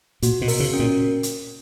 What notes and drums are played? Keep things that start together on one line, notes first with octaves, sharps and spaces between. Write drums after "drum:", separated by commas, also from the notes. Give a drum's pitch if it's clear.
A#2 F#4, drum: hi-hat
B2
A#4, drum: open hi-hat
C#3
C#4
A#2
drum: hi-hat